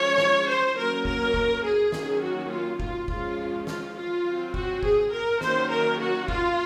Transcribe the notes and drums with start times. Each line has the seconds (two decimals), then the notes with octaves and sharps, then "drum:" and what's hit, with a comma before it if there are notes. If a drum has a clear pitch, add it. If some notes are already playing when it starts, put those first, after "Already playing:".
Already playing: F3 G#3 C#4 C#5
0.18 drum: snare
0.47 C5
0.76 F#3 A#3 C#4 A#4
1.05 A#4, drum: kick
1.34 drum: kick
1.63 G#4
1.92 D#3 F#3 A#3 C#4, drum: snare
2.21 F#4
2.51 F4
2.80 F4, drum: kick
3.08 F3 G#3 C#4 F4, drum: kick
3.67 F4, drum: snare
3.96 F4
4.25 F#3 C4
4.54 F#4, drum: kick
4.83 G#4, drum: kick
5.12 A#4
5.41 D#3 F#3 A#3 C#4 C5, drum: snare
5.70 A#4
5.99 F#4
6.28 F4, drum: kick